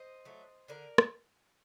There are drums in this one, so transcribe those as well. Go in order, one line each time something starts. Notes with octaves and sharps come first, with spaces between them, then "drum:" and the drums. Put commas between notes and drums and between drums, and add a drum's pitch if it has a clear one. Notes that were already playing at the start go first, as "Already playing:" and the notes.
Already playing: C5 D#5
F#3 A3
D3 A#4 D5
drum: rim click